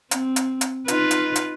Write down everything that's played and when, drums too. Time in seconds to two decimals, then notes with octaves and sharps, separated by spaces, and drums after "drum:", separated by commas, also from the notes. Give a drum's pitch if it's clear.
0.11 C4, drum: hi-hat
0.36 drum: hi-hat
0.61 drum: hi-hat
0.88 D#4 F4 B4, drum: hi-hat
1.11 drum: hi-hat
1.36 drum: hi-hat